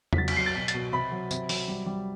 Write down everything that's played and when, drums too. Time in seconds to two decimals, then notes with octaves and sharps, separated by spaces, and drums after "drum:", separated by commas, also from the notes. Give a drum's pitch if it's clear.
0.13 B6, drum: tom E2
0.18 F#3 A6
0.28 B6, drum: cymbal
0.37 F#3 C7
0.46 A6
0.56 B2 B6
0.68 A6, drum: hi-hat
0.74 B2
0.93 C3 B5
1.12 F#3
1.31 C3, drum: tambourine
1.49 F#3, drum: open hi-hat
1.68 G3
1.86 G3